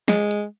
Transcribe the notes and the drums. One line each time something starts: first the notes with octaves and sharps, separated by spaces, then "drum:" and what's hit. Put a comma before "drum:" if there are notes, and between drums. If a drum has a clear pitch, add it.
G#3, drum: snare
drum: hi-hat